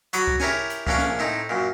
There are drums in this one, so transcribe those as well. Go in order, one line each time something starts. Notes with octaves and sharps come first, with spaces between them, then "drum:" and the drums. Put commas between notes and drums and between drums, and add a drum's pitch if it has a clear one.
F#3 F#4 B5 D6 D#6, drum: hi-hat
drum: kick C#2
E4 G4 A#4 C#5 G#5, drum: snare
drum: hi-hat
A#1 A#3 C#4 D4 E5 D6, drum: kick C#2
drum: snare
A2 C4 D#4
F#2 A#2